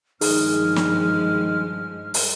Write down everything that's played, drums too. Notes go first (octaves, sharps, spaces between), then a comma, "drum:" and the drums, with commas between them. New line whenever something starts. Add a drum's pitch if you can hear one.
G2 D#3 F3 G#3 G#4 F6, drum: open hi-hat
drum: snare
drum: open hi-hat